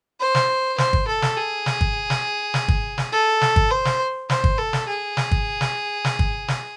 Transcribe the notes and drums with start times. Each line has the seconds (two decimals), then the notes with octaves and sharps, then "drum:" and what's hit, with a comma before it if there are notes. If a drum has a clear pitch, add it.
0.20 C5
0.35 drum: snare
0.78 C5, drum: snare
0.93 drum: kick
1.08 A4
1.22 drum: snare
1.37 G#4
1.66 drum: snare
1.81 drum: kick
2.10 drum: snare
2.54 drum: snare
2.68 drum: kick
2.98 drum: snare
3.12 A4
3.41 drum: snare
3.56 drum: kick
3.71 C5
3.85 drum: snare
4.30 C5, drum: snare
4.44 drum: kick
4.58 A4
4.73 drum: snare
4.88 G#4
5.17 drum: snare
5.31 drum: kick
5.61 drum: snare
6.05 drum: snare
6.19 drum: kick
6.48 drum: snare